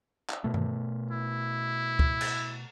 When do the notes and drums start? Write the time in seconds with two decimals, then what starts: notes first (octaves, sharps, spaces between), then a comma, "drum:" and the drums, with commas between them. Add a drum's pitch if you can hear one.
0.30 drum: clap
0.44 B2 A3
0.54 drum: tom G2
1.11 E4
1.99 drum: kick
2.21 drum: cymbal